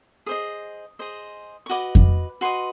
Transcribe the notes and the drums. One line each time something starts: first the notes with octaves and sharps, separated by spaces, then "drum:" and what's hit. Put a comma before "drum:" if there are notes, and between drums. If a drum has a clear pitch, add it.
G#4 C5 D#5 D#6
G#4 C5 D#5
C#6
F#4 B4 D#5 D6
drum: kick F2
F#4 B4 D#5 C6